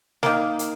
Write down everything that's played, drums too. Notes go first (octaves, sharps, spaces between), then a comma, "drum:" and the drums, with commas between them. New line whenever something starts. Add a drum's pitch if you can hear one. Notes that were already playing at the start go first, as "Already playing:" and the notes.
D#3 A#3, drum: snare
drum: hi-hat